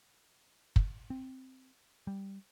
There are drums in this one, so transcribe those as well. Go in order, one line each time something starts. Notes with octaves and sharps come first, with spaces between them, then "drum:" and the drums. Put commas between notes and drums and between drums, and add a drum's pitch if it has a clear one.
drum: kick
C4
G3